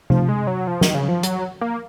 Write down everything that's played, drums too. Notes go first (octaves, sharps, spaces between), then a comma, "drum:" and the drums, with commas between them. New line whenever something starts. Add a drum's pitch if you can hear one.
F3, drum: tom C3
G#3
F#3
F3
D#3, drum: snare
C#3
F3
F#3, drum: hi-hat
A#3